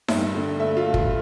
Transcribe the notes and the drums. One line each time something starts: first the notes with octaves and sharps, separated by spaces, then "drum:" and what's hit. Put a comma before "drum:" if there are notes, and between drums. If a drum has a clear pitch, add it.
G2 E5, drum: snare D#4
D3
A3 E5
F4
A3
F4, drum: kick